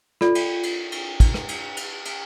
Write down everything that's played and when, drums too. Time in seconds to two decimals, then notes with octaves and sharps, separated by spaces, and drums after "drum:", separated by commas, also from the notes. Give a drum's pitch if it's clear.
0.21 F4 A4 D5, drum: rim click
0.35 drum: cymbal
0.63 drum: cymbal
0.92 drum: cymbal
1.20 drum: kick, cymbal
1.34 drum: rim click
1.48 drum: cymbal
1.77 drum: cymbal
2.05 drum: cymbal